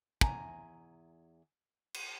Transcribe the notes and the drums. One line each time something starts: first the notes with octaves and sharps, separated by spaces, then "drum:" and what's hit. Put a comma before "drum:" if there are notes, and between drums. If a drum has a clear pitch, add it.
E2 G#5 A#5, drum: kick
drum: cymbal